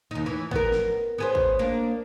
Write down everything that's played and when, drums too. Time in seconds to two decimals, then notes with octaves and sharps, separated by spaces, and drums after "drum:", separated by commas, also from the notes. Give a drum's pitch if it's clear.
0.11 D#2 D#4
0.26 E3
0.51 B3 A#4, drum: kick
0.72 drum: snare
1.18 B3 G#4 C5
1.35 drum: kick
1.59 A#3 D4